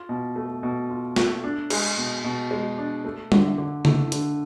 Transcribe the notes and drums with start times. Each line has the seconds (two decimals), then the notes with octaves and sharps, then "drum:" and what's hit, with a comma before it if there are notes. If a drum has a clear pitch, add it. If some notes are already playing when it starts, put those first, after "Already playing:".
Already playing: F4
0.09 B2
0.36 A3
0.63 B2
0.90 F4
1.16 A3, drum: snare
1.44 D4
1.70 G#3, drum: cymbal
1.97 B2
2.24 B2
2.51 G#3
2.78 D4
3.05 A3
3.32 D3, drum: tom G3
3.58 D3
3.85 A3, drum: tom C#3
4.12 D3, drum: hi-hat